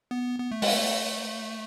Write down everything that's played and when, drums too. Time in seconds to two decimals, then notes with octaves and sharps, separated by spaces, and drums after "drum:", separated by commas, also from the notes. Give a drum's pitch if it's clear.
0.11 B3
0.39 B3
0.51 A3
0.62 G#3, drum: open hi-hat
0.73 A3